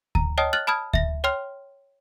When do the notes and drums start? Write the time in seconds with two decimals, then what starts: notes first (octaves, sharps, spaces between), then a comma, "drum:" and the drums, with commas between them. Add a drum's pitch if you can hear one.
0.15 A#5, drum: kick D2
0.38 C#5 D#5 G5 A5 D#6 F6
0.53 F6 F#6 A6 F#7
0.67 A5 B5 D#6 F6 G#6
0.94 E5 A#6, drum: kick D2
1.24 C#5 G5 C6 F6 F7